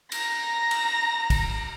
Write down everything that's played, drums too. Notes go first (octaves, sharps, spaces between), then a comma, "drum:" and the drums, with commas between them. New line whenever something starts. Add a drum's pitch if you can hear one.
A#5 A#6, drum: cymbal
drum: cymbal
drum: kick, cymbal